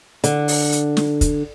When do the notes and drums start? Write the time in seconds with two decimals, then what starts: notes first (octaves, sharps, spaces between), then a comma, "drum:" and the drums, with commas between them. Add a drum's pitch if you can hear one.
0.24 D3, drum: hi-hat
0.48 drum: open hi-hat
0.72 drum: hi-hat
0.97 drum: snare
1.21 drum: kick, hi-hat